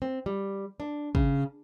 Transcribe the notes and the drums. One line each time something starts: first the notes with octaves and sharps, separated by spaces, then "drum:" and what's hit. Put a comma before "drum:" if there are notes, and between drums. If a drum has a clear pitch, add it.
C4
G3
D4
C#3, drum: kick